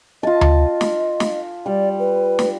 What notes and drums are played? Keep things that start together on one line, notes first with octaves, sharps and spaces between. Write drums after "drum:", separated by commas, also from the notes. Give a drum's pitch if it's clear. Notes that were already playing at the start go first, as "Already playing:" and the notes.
F4 D#5 A5
drum: tom D2
drum: snare
drum: snare
G3 D5
B4
drum: snare